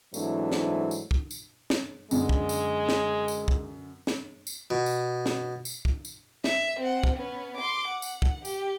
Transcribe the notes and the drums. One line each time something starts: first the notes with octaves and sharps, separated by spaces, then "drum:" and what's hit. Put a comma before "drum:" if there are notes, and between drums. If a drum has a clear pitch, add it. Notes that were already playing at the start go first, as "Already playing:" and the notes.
G#2 E3 F#3 A3 C4 D4, drum: tambourine
drum: snare
drum: tambourine
drum: kick
drum: tambourine
drum: snare
F#2 D3 G#3 B3, drum: tambourine
drum: kick
drum: tambourine
drum: snare
drum: tambourine
drum: kick
drum: snare
drum: tambourine
B2
drum: tambourine
drum: snare
drum: tambourine
drum: kick
drum: tambourine
E5, drum: snare
C4 F#5
drum: kick
B3 C#4
C6 D6
F#5
drum: tambourine
drum: kick
G4, drum: tambourine